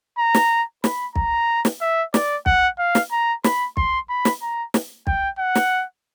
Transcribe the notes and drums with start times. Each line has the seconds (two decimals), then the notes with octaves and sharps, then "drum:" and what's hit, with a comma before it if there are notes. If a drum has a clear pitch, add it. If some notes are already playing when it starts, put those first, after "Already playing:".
0.18 A#5
0.35 drum: snare
0.84 B5, drum: snare
1.16 A#5, drum: kick
1.65 drum: snare
1.81 E5
2.14 D5, drum: snare
2.46 F#5, drum: kick
2.79 F5
2.95 drum: snare
3.12 A#5
3.44 B5, drum: snare
3.77 C6, drum: kick
4.09 B5
4.25 drum: snare
4.42 A#5
4.74 drum: snare
5.07 G5, drum: kick
5.39 F#5
5.55 drum: snare